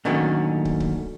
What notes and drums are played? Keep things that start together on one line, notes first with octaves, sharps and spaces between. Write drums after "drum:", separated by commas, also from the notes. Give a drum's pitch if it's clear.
A#2 D3 D#3 F#3 A3 C#4
drum: kick
drum: kick